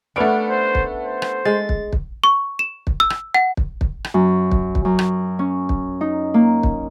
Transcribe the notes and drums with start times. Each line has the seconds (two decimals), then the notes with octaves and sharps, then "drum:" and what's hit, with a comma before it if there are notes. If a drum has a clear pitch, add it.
0.16 A3 B3 C#4 D4 B4 F#5 D7
0.50 C5
0.75 drum: kick
1.03 C5
1.22 drum: rim click
1.45 G#3 A6
1.69 drum: kick
1.93 drum: kick
2.24 C#6
2.59 E7
2.87 drum: kick
3.00 E6
3.10 drum: rim click
3.34 F#5
3.57 drum: kick
3.81 drum: kick
4.04 drum: rim click
4.14 F#2
4.52 drum: kick
4.75 drum: kick
4.85 F#2
4.99 drum: rim click
5.39 C#4
5.69 drum: kick
6.01 D#4
6.34 A#3
6.63 drum: kick